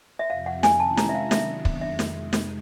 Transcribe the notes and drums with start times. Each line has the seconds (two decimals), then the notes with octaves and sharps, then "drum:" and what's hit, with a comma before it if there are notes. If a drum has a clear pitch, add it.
0.19 E5
0.29 F2 C3 F3 F5
0.46 F#5
0.63 G#5, drum: snare
0.80 C3 D#3 G#3 C#4 E4 A5
0.97 A#5, drum: snare
1.09 E5
1.14 F5
1.31 C3 D#3 F#3 B3 D4 E5, drum: snare
1.65 drum: kick
1.81 F2 C3 D#3 G#3 E5
1.99 drum: snare
2.33 drum: snare